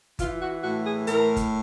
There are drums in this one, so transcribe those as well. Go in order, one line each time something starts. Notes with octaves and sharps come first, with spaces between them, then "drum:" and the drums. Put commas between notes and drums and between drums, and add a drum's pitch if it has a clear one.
E3 F4, drum: kick G1, hi-hat
F#4
A2 F#4
G#4
A2 A#4, drum: hi-hat
drum: kick G1, hi-hat